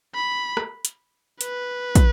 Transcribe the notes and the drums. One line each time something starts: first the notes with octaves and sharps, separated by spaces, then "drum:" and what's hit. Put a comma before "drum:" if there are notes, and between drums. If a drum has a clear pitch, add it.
B5
drum: rim click
drum: hi-hat
B4, drum: hi-hat
drum: kick, hi-hat